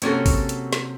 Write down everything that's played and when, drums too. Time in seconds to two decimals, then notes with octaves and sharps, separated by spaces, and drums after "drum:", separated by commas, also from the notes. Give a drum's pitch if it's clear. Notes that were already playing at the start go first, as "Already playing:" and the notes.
0.02 C3 F#3 A#3 C#4 F#4 A4, drum: hi-hat
0.26 drum: kick, open hi-hat
0.49 drum: hi-hat
0.73 drum: snare